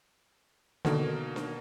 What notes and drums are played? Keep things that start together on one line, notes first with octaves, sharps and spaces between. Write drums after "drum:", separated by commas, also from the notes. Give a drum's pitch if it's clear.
B2 D3 D#3 A#3, drum: snare D4
drum: snare D4